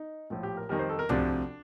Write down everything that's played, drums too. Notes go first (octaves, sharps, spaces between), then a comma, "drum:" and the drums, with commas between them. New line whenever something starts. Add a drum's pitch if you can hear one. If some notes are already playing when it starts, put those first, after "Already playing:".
Already playing: D#4
A#1 A2 F3
G4
A#4
F2 D#3 G3 A#4
C5
A4
A#4
D2 C3 F3 D4, drum: tom C2